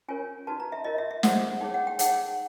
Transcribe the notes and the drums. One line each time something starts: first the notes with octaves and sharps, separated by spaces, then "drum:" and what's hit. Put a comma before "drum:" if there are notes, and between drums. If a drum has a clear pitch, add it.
C#4 F4 A#4 C#5 G#5
D#4 F#4 B4 A5
A#5
E5
F4 A#4 C#5 D#5
E5
E5
E4 G#4 C5 F#5, drum: snare
D#4 G#4 C#5 G5
F#5
G5
D#4 G#4 C#5 F#5, drum: hi-hat